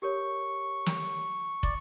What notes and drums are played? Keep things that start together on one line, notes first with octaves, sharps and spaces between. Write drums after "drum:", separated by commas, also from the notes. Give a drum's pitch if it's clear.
G4 A#4 C#5 C#6
drum: snare
D5, drum: kick